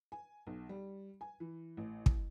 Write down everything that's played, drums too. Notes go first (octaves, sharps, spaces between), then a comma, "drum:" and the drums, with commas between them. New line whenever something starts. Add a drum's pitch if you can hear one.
G#5
B1
G3
G#5
E3
A1
drum: kick